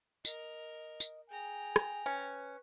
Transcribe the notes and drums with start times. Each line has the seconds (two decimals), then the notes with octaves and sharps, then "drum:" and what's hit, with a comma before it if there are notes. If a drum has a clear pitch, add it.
0.25 A#4 D#5, drum: tambourine
1.00 drum: tambourine
1.30 G#4 G5 G#5 A#5
1.76 drum: rim click
2.06 C#4 B4